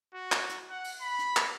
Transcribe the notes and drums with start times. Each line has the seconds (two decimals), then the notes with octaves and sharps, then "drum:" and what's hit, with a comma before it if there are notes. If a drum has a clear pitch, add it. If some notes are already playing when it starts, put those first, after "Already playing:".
0.15 F#4
0.32 drum: clap
0.49 drum: hi-hat
0.70 F#5
0.84 drum: open hi-hat
1.02 B5
1.19 drum: hi-hat
1.37 drum: clap